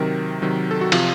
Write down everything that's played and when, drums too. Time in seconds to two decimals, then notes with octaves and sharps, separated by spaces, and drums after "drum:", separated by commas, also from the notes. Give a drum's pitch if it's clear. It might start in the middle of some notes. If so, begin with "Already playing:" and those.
Already playing: C3 D#3 F#3 A#4
0.42 C3 D#3 F#3
0.71 A4
0.81 F#4
0.92 C3 F3 F4, drum: cymbal